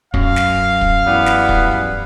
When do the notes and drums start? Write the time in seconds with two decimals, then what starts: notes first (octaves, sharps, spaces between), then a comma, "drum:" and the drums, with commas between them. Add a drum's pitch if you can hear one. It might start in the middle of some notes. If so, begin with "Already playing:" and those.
0.14 F#2 F#3 F5, drum: kick
0.36 drum: snare
0.81 drum: kick
1.06 E3 G3 B3
1.26 drum: snare
1.49 drum: kick